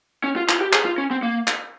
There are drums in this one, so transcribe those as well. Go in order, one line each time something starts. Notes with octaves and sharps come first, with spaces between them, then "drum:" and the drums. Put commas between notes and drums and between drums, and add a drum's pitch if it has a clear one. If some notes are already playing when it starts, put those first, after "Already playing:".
C#4
F4
F4, drum: clap
G4
G#4, drum: clap
F4
C#4
C4
A#3
drum: clap